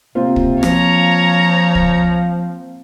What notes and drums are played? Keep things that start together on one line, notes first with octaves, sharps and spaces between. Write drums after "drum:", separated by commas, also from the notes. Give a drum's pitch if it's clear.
C3 A#3 C4 F4
drum: kick
F3 C#5 A#5, drum: rim click
drum: kick